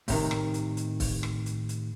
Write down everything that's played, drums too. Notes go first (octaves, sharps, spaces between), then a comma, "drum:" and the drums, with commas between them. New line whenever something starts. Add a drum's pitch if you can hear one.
A2 C3 D#3, drum: kick, open hi-hat
drum: rim click
drum: hi-hat
drum: hi-hat
drum: kick, open hi-hat
drum: rim click
drum: hi-hat
drum: hi-hat